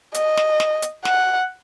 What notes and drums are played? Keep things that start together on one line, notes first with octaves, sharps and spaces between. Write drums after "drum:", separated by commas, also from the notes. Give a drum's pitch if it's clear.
D#5, drum: hi-hat
drum: snare
drum: snare
drum: hi-hat
F#5, drum: snare